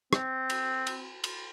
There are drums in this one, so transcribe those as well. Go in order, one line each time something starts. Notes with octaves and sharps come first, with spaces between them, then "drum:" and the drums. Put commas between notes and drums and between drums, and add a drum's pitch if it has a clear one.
C4, drum: rim click
drum: cymbal
drum: cymbal
drum: cymbal